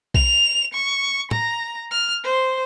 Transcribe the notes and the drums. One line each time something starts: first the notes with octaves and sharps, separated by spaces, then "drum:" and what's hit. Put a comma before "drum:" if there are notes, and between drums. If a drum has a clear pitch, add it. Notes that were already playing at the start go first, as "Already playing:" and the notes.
F7, drum: kick B1
C#6
A#5, drum: tom
F6
C5